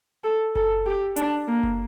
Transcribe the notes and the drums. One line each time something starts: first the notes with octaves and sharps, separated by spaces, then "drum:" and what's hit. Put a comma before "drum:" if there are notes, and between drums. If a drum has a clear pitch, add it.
A4
A4, drum: kick F#1
G4
D4, drum: hi-hat
A#3
drum: kick F#1